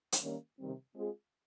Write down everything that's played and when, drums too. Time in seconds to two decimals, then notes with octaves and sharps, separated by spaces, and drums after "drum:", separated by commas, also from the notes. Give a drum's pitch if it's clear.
0.12 drum: hi-hat
0.22 D#3 G3 A#3 C#4
0.59 C3 D#3 G3 C4
0.95 G#3 C4 F4 G#4